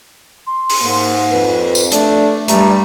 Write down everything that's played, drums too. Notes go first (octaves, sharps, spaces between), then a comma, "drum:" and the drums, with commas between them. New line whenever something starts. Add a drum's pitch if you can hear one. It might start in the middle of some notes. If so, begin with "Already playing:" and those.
C6
drum: open hi-hat
G#2 A#3
F2 B4
drum: tambourine
A3 D4 D5, drum: hi-hat
G2 G3 A3 A#5, drum: hi-hat